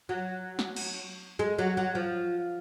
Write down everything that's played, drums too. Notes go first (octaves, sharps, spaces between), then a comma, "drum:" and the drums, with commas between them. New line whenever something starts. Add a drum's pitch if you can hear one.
F#3
drum: snare
drum: cymbal
G#3
F#3
F#3
F3